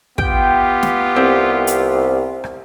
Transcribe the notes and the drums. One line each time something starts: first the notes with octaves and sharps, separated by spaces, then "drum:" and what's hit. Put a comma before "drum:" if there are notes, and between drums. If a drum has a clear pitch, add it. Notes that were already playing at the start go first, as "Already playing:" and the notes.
B3 F4 G4 G5, drum: kick
drum: snare
C2 C4
drum: hi-hat
drum: rim click